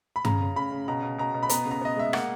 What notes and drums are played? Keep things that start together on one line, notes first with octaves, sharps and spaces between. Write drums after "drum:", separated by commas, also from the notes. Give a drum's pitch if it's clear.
B5
C#3 A#5, drum: tom G2
C#3
C#3 B5
C#3
B2 A#5
B2
B2 A#5
B2
B5
B3 A#5, drum: hi-hat
C#3
A#5
B3 D#5
G#3 E5
A#3 F#5, drum: rim click